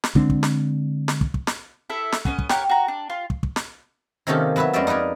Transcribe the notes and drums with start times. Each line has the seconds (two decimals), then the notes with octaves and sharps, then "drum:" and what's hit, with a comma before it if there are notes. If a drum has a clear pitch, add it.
0.04 drum: snare
0.15 D3 G#3 C4 D4, drum: kick
0.30 drum: kick
0.43 drum: snare
1.08 drum: snare
1.21 drum: kick
1.34 drum: kick
1.47 drum: snare
1.90 E4 A4 E5
2.12 drum: snare
2.25 B3 C#4 C#5 D#5, drum: kick
2.38 drum: kick
2.49 G4 A#4 C#5 F#5, drum: snare
2.69 F#4 A#5
2.88 D4
3.10 F4 C6
3.30 drum: kick
3.43 drum: kick
3.56 drum: snare
4.27 C3 D#3 A#3 C#4 G4 A4
4.56 F#3 B3 B4 C#5 E5
4.73 F2 G#3 C#4 G4 D5 E5
4.87 D#4 A#4 B4 D5 G#5